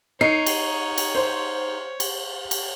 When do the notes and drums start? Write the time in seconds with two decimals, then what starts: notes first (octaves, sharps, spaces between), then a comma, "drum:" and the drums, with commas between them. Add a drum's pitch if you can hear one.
0.21 D#4 C#5 C7 C#7
0.46 drum: cymbal
0.98 drum: cymbal
1.15 C5
2.00 drum: cymbal
2.51 drum: cymbal